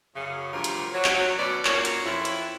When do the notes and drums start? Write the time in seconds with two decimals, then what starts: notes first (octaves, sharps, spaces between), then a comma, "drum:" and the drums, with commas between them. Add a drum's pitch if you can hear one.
0.15 F#2 C#3
0.53 D2 G2 C3 F3 F#3 A#4
0.64 drum: hi-hat
0.94 F#3
1.04 drum: clap
1.38 D2 B2 C#4 B4 D5
1.65 F#2 A#2 A#3 C#5, drum: clap
1.85 drum: hi-hat
2.05 F2 E4 C#5
2.25 drum: hi-hat